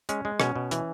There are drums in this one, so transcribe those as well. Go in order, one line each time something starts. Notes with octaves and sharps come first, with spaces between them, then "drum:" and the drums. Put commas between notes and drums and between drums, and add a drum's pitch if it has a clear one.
G#3 C#4, drum: hi-hat
G#3
B2 C#4, drum: rim click
B2
E3, drum: hi-hat